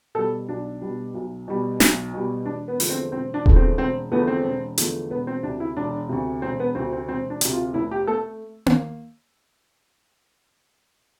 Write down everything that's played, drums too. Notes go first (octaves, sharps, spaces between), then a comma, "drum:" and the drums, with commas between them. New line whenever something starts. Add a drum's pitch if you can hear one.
B2 G3 A4
B1 D4
B2 G3
B1
B2 G3
B1, drum: snare
B2 G3
E1 D4
B3
E2 D3 F3 A3, drum: open hi-hat
C4
E1 C4
D4
E2 D3 F3 A3, drum: kick D#1
C4
E1 C4
E2 D3 F3 A3 B3
C4
E1
E2 D3 F3 A3, drum: hi-hat
E1 B3
C4
D2 C3 D4
E4
E1 D4
D2 C3
E1 C4
B3
D2 C3 C4
C4
E1 C4
D4
D2 C3, drum: hi-hat
F4
F1 E4
G4
A3 A4
drum: tom A#3